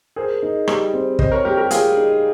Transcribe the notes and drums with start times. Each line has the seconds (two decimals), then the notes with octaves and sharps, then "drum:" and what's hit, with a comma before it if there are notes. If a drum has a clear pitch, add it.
0.16 G#4 A#4 C5
0.43 D#4
0.68 G3, drum: rim click
0.94 C4
1.19 C4 C5 D#5, drum: kick
1.32 A#4 C#5
1.45 G3 G4 A#4
1.57 G4 A#4
1.71 G3 F4 G#4, drum: hi-hat
1.97 D#4